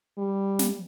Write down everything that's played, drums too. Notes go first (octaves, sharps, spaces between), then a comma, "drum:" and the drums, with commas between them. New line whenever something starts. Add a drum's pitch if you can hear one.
G3
drum: snare